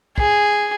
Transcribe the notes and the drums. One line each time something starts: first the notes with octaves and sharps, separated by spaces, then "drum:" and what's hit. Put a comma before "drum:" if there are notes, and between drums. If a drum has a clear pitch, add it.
G#4, drum: kick